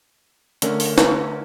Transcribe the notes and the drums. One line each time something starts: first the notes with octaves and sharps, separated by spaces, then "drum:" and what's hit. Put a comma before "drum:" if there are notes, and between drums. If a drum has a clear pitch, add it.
D3 A3 C#4 A#4, drum: hi-hat
drum: open hi-hat
drum: snare